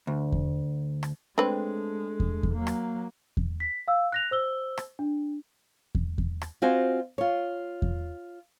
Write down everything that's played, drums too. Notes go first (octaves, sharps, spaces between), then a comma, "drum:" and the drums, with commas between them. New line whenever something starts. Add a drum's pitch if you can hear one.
D2
drum: kick E2
drum: rim click
G#3 A3 C4 D4 B4 C#5
drum: kick E2
drum: kick E2
F#3 A#3
drum: rim click
drum: kick E2
B6
F5 E6
F#6 A#6 F7
C5 E6 G7
drum: rim click
D4
drum: kick E2
drum: kick E2
drum: rim click
C4 F4 F#4 C5 D#5 G#5
F4 C#5
drum: kick E2